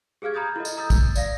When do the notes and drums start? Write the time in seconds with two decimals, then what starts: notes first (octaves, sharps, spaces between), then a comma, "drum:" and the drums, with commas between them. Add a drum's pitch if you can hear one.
0.22 G4 G#4 F5 F6 G#6
0.34 A#5 B5 D#6 G6 A6
0.56 E4 A4 D#5
0.65 drum: tambourine
0.77 A#5 D#6 E6 G6 A6
0.90 drum: kick, tambourine
1.16 D5 F5 A#6, drum: tambourine